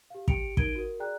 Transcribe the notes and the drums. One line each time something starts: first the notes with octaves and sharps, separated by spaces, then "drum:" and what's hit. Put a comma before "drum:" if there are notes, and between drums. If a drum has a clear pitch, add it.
G4 F5
G4 G5 C#7 D7 F7, drum: kick
D#4 A#4 G#6 D7 D#7 G7, drum: kick
F#4 A#4
G#4 D5 G5 A#5 F#6